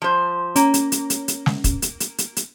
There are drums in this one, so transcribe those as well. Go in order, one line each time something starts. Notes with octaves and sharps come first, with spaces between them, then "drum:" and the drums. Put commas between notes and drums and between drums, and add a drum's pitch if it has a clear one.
F3 C5
A#3 C#4, drum: hi-hat
drum: hi-hat
drum: hi-hat
drum: hi-hat
drum: hi-hat
drum: snare
drum: kick, hi-hat
drum: hi-hat
drum: hi-hat
drum: hi-hat
drum: hi-hat